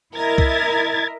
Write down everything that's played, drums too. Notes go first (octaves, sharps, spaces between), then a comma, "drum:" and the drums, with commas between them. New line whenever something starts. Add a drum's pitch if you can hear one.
E4 A#4 D#5 E5 G#6 A6
drum: kick C2